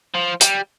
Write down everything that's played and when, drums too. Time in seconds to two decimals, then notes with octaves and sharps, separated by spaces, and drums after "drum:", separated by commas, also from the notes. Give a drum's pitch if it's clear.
0.14 F3
0.41 G3, drum: hi-hat